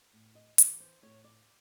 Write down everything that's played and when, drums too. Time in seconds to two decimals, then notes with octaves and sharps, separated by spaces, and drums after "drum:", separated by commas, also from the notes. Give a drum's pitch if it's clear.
0.13 A2
0.35 D#5
0.58 E3 D5, drum: hi-hat
0.80 C5
1.03 A2 C#5
1.24 D5